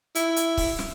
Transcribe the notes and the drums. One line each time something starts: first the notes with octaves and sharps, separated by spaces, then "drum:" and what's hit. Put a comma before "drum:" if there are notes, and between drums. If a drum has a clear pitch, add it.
E4, drum: hi-hat
drum: hi-hat
drum: kick, open hi-hat
drum: snare